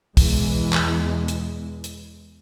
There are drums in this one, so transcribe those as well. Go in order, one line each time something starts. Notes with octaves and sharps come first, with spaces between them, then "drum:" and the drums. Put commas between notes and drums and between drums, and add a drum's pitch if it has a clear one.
E2 B2 E3 G#3, drum: kick, open hi-hat
drum: clap
drum: hi-hat
drum: hi-hat